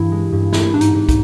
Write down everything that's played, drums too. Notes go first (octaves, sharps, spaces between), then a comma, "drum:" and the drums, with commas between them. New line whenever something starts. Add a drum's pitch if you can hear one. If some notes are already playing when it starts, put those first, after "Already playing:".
Already playing: G2 E3 E4
G#3
G2
C4 E4, drum: snare
G#2 D4
D#4, drum: hi-hat
G#2
D#4, drum: kick, hi-hat